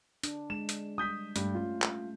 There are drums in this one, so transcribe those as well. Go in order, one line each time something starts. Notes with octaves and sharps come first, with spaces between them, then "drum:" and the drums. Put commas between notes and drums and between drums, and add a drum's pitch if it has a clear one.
D4, drum: hi-hat
G#3 E7
drum: hi-hat
G3 D#6 G6 B6
G2 A3, drum: hi-hat
A3 C#4 F4 G4
drum: clap